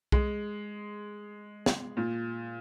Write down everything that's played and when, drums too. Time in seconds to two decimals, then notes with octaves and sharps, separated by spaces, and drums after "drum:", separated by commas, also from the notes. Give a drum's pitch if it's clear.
0.12 G#3, drum: kick B1
1.66 drum: snare
1.97 A#2